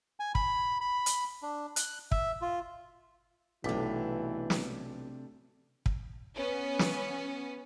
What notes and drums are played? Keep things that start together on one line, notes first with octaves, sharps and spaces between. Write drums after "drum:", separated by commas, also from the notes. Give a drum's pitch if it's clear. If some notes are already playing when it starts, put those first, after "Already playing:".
G#5
B5, drum: kick
B5
drum: hi-hat
D4
F#6, drum: hi-hat
E5, drum: kick
F4
B1 C3 E3 A3 D4 D6 B6
drum: snare
drum: kick
B3 C#4 B4
drum: snare